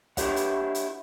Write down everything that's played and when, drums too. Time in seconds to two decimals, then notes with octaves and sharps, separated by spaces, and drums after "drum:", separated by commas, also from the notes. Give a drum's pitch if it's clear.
0.17 D4 E4 G4 C#5 F#5, drum: kick, hi-hat
0.36 drum: hi-hat
0.75 drum: hi-hat